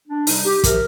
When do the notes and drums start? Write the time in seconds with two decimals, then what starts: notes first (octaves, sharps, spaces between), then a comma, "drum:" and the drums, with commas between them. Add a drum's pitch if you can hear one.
0.08 D4
0.27 C3 G3 D#4, drum: open hi-hat
0.45 G4
0.64 C3 F3 A#4, drum: kick, hi-hat